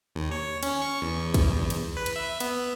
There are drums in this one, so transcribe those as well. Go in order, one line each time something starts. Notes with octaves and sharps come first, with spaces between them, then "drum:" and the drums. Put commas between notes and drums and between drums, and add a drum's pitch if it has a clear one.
D#2
C#5
C#4, drum: cymbal
C#6
E2
drum: kick, cymbal
drum: cymbal
B4
drum: cymbal
E5
B3, drum: cymbal